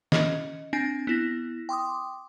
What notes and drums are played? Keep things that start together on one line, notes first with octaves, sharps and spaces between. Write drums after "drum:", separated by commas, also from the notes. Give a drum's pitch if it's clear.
C#4 D#5, drum: snare
C4 D4 G#5 A#6
B3 E4 A#6
G5 C6 D6 D#6